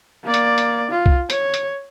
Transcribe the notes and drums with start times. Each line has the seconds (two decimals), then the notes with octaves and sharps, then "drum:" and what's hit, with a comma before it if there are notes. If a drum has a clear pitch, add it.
0.24 A#3 D5
0.34 drum: hi-hat
0.58 drum: hi-hat
0.91 F4
1.06 drum: kick C2
1.30 C#5, drum: hi-hat
1.54 drum: hi-hat